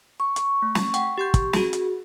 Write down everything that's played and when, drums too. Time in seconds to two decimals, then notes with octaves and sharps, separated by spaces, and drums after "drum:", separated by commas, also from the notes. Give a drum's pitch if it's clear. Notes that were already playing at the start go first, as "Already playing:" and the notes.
0.20 C#6
0.36 drum: hi-hat
0.62 A3
0.75 drum: snare
0.94 F#5 G5, drum: hi-hat
1.18 G4 C6 G6
1.34 drum: kick, hi-hat
1.53 F#4 G#4, drum: snare
1.73 drum: hi-hat